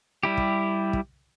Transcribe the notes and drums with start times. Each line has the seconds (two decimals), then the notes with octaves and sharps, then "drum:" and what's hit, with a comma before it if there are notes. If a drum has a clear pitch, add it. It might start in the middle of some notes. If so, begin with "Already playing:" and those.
0.23 G3 E4 G4
0.37 drum: kick
0.93 drum: kick